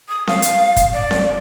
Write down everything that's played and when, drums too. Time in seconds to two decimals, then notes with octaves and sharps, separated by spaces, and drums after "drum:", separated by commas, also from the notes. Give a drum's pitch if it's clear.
0.09 D#6
0.27 F5, drum: snare C4
0.42 drum: hi-hat
0.76 drum: kick, hi-hat
0.94 D5
1.11 drum: snare C4